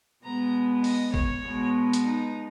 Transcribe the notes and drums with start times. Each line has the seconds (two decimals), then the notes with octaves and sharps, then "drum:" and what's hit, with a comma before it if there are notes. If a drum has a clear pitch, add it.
0.24 B2 G#3 B3 A#5
0.84 D#5, drum: open hi-hat
1.14 C#5, drum: kick
1.44 B2 G#3 B3
1.93 drum: hi-hat
2.04 D#4